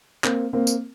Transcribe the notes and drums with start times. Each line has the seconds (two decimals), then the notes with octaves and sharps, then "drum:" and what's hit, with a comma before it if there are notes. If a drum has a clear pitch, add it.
0.24 A#3 C4, drum: clap
0.53 A#3 C4
0.67 drum: tambourine